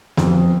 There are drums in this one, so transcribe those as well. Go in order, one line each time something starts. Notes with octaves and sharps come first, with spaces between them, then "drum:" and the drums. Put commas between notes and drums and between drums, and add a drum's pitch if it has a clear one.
F2, drum: snare B3